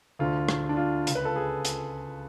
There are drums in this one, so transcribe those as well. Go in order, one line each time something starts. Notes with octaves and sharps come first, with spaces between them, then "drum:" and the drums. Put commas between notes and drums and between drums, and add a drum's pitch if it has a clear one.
D2 D3 F4
drum: rim click
D4
F4
C#2 C#3, drum: hi-hat
B4
A4
G#4
drum: hi-hat